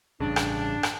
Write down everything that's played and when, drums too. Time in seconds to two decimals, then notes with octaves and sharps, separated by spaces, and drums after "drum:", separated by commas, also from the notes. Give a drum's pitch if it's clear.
0.21 A1 G2 C#3 D4
0.36 drum: rim click
0.83 drum: rim click